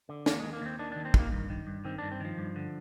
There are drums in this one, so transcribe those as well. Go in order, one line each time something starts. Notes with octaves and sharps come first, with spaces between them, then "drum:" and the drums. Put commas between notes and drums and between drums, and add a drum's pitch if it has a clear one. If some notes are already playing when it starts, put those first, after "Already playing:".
D3
D#2 A#3, drum: snare
D#3 G#3
A#3
D#2 C4
D#3 D4
D4
D#2
C4
D#3 A#3, drum: kick
G2
D#3
G2
D#3 C4
G2 D4
C4
D#3 F3
G2
D3